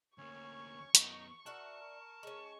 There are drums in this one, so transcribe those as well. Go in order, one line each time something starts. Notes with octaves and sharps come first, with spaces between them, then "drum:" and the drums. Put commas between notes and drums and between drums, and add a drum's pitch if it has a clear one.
D2 A#3 C#4 C#5 C#6
F#2 B3 D#4 A#5, drum: hi-hat
D4 F#4 A#4 E5 F#5 A5
A#4
G#3 C#4 C#6